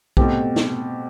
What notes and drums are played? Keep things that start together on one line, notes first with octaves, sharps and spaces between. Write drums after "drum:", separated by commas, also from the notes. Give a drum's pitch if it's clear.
B2 A3 C4 G4, drum: kick B1
drum: snare